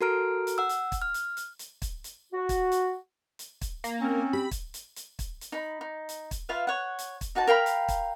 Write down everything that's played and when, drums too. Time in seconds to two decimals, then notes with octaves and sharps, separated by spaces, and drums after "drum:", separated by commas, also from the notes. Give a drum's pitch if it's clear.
0.01 F#4 A4 A#4 A#5 F6 D7
0.47 drum: hi-hat
0.58 F#5 E6
0.69 drum: hi-hat
0.92 drum: kick, hi-hat
1.02 F6
1.14 drum: hi-hat
1.37 drum: hi-hat
1.59 drum: hi-hat
1.82 drum: kick, hi-hat
2.04 drum: hi-hat
2.33 F#4
2.49 drum: kick, hi-hat
2.72 drum: hi-hat
3.39 drum: hi-hat
3.61 drum: kick, hi-hat
3.84 A#3, drum: hi-hat
4.01 C4 C#4
4.33 G4 B5
4.51 drum: kick, hi-hat
4.74 drum: hi-hat
4.96 drum: hi-hat
5.19 drum: kick, hi-hat
5.41 drum: hi-hat
5.52 D#4 B5
5.81 D#4
6.09 drum: hi-hat
6.31 drum: kick, hi-hat
6.49 F4 B4 E5 F5
6.67 C#5 F#5
6.99 drum: hi-hat
7.21 drum: kick, hi-hat
7.35 D#4 F#4 B4 A5
7.47 A#4 F5 G5 B5
7.66 drum: hi-hat
7.88 drum: kick, hi-hat